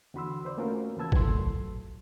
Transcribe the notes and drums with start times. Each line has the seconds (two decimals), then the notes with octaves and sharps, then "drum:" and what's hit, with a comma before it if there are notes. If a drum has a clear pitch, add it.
0.14 E2 D3 F#4 B5 C6 E6
0.45 B4 C5 D5
0.57 A3 A#3 C#4 F4 F#4 A#4
0.97 E2 C#3 B4 A5 E6 G#6
1.12 A2 F#3 A4 C6, drum: kick